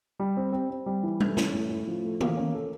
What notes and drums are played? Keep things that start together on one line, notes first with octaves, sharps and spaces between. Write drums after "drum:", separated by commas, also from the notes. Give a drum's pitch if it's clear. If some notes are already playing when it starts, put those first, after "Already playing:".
G3
C4
C4
C4
G3
E3
A2, drum: tom G3
C#4, drum: snare
A2
A2
F3
A3
A#3, drum: tom
C#4
A4